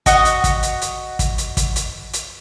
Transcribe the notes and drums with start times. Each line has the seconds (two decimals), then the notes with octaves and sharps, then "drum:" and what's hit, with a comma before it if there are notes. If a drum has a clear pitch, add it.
0.06 F#4 D#5 F#5, drum: kick, hi-hat
0.25 drum: hi-hat
0.44 drum: kick, hi-hat
0.63 drum: hi-hat
0.81 drum: hi-hat
1.19 drum: kick, hi-hat
1.38 drum: hi-hat
1.57 drum: kick, hi-hat
1.76 drum: hi-hat
2.13 drum: hi-hat